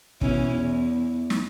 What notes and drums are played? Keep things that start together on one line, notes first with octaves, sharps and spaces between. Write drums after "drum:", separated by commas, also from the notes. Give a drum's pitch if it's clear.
B2 E3 C#4, drum: kick
E2
drum: snare